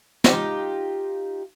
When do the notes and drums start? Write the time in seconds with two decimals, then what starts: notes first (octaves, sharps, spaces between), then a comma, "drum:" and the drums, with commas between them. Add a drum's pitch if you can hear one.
0.24 D#4 F4 G4, drum: snare